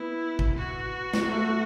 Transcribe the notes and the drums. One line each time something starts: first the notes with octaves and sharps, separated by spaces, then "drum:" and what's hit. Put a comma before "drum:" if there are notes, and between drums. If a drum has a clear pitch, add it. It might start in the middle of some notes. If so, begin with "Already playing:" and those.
Already playing: B3 E4
drum: kick
F#4
drum: snare
A3